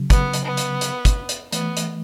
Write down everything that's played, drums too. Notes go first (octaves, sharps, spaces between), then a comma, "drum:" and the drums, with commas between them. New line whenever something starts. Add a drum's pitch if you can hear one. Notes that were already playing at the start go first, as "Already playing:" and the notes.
Already playing: C#3 F#3
B3, drum: kick, hi-hat
drum: hi-hat
B3
drum: hi-hat
drum: hi-hat
drum: kick, hi-hat
drum: hi-hat
E3 A3 B3, drum: hi-hat
drum: hi-hat